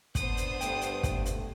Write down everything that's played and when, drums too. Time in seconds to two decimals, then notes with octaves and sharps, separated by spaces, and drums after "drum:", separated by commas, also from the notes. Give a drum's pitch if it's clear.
0.15 B3 D4 C5 D#6, drum: kick, hi-hat
0.37 drum: hi-hat
0.61 G2 A3 G5, drum: hi-hat
0.81 drum: hi-hat
1.03 drum: kick, hi-hat
1.26 drum: hi-hat